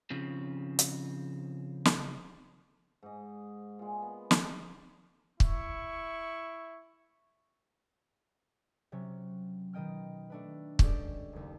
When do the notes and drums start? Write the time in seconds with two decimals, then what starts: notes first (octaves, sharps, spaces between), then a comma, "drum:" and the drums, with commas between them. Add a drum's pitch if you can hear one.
0.10 C#3 F3 C4
0.79 drum: hi-hat
1.85 drum: snare
3.03 G#2 D#5
3.79 A#2 G#3
4.02 B3
4.31 drum: snare
5.40 E4 C#6, drum: kick
8.92 C3 F#3 C#4
9.73 B2 D#3 D#5 G5 F6
10.30 A3 D4 B4
10.79 G#3 C#4 F#4 G4 A4 D5, drum: kick
11.33 F#1 D#2